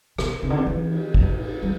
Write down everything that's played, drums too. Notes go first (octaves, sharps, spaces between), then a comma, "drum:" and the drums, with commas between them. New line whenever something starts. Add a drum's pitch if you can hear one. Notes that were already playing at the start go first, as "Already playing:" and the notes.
B2, drum: rim click
C3, drum: cymbal
D3
C3
E3
drum: cymbal
drum: kick
drum: cymbal
G3